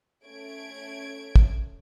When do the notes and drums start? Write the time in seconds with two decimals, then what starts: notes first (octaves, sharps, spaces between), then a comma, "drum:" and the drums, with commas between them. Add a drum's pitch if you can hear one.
0.25 A3 C#4 G#6 D7
1.36 drum: kick